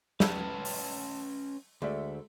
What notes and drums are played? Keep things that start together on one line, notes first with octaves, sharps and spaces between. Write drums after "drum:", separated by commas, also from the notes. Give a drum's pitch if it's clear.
C#4 B4 A5 E6 G#6, drum: snare
drum: open hi-hat
D2 G#3 A4 D5 E5